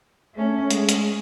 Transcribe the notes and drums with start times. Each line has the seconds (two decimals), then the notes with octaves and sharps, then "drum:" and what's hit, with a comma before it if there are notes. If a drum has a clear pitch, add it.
0.34 A3 C#4
0.71 G#3, drum: hi-hat
0.89 drum: hi-hat